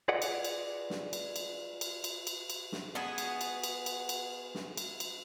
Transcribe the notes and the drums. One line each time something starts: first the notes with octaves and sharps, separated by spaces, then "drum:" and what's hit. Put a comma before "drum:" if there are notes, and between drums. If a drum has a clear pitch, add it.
F4 G#4 B4 D5 D#5 F#5
drum: cymbal
drum: cymbal
drum: snare
drum: cymbal
drum: cymbal
drum: cymbal
drum: cymbal
drum: cymbal
drum: cymbal
drum: snare
B3 F#4 G#4
drum: cymbal
drum: cymbal
drum: cymbal
drum: cymbal
drum: cymbal
drum: snare
drum: cymbal
drum: cymbal